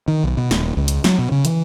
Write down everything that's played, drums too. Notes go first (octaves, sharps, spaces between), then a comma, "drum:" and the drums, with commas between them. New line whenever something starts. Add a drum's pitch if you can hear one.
D#3
B1
B2
D#1, drum: snare
C#2
drum: hi-hat
F#3, drum: snare
B2
C#3
E3, drum: hi-hat